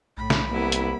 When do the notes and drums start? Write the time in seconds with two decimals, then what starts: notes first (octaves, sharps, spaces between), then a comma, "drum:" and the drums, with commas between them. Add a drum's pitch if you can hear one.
0.17 B1 A2 B5
0.30 drum: snare
0.50 C2 A#3 B3 E4
0.72 drum: hi-hat